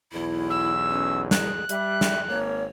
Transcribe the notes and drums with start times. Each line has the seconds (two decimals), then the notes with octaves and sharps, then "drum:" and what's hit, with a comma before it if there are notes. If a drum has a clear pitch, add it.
0.13 B1 E2 E4
0.50 E6
0.90 C#4
1.31 G#4 F#6, drum: snare
1.69 G3 E5, drum: hi-hat
2.01 drum: snare
2.29 G#1 A#3 C#5